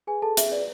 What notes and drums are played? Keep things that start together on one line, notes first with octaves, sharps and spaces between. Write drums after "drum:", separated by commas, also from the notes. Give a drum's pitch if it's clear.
G#4 B4 G#5
G#4 A4 A5
G#4 E5, drum: hi-hat
B4 D5